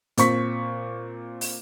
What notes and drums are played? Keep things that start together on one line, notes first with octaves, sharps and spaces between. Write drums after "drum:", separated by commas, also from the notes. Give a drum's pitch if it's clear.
A#2 C4 C#6 B6, drum: hi-hat
drum: open hi-hat